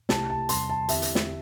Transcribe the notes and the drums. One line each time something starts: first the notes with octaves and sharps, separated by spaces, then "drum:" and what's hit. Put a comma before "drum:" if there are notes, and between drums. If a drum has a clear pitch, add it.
C2 C3 A3 E4 G4 A5, drum: snare
A5
E2 C3 G3 C4 C6, drum: hi-hat
A5
E2 D3 C4 E4 G4 E5, drum: hi-hat
drum: hi-hat
drum: snare